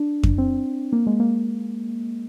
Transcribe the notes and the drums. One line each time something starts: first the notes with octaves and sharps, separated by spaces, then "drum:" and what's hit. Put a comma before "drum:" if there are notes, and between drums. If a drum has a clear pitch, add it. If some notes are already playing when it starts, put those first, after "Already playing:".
Already playing: D4
drum: kick F2
C4
A#3
G#3
A#3